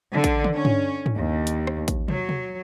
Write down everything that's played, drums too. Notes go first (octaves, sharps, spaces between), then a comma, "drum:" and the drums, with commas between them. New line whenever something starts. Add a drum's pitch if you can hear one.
D3
drum: kick A1, hi-hat
drum: tom
C#4
drum: tom
drum: tom
D#2
drum: hi-hat
drum: rim click
drum: kick A1, hi-hat
F#3, drum: tom
drum: tom